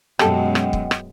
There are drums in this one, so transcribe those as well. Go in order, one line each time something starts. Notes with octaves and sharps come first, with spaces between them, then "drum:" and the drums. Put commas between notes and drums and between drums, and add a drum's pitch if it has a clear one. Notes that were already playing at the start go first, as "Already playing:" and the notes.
F#2 B2 G#3 G4 A4 D#5 F#5 G5, drum: rim click
drum: rim click
drum: kick
drum: rim click